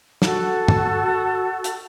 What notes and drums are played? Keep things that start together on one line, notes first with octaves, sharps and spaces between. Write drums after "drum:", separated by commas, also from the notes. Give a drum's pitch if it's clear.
F#4 A4, drum: snare
drum: tom
drum: hi-hat